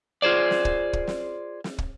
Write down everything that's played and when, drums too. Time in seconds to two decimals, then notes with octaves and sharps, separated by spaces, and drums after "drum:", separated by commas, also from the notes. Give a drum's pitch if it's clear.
0.22 F4 G#4 C5 D5
0.51 drum: snare
0.65 drum: kick
0.93 drum: kick
1.07 drum: snare
1.64 drum: snare
1.78 drum: kick